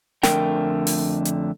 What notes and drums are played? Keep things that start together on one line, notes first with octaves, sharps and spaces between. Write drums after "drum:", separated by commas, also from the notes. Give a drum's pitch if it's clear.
F2 D3 A3 A#4 G5, drum: snare
drum: open hi-hat
drum: hi-hat